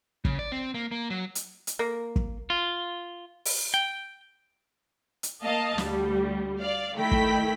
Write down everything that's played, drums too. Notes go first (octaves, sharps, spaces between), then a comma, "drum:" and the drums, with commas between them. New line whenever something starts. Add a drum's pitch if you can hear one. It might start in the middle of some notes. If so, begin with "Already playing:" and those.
C#3, drum: kick
D5
C4
A#3
A#3
F#3
drum: hi-hat
drum: hi-hat
A#3
drum: kick
F4
drum: open hi-hat
G5
drum: hi-hat
A#3 D#5 F5 A5
D2 G3, drum: snare
D5 F5
D#3 A3 E4 G5 B5 B6
drum: kick